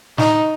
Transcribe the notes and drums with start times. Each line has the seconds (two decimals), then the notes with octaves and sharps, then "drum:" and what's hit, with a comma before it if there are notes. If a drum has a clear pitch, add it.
0.18 D#4, drum: snare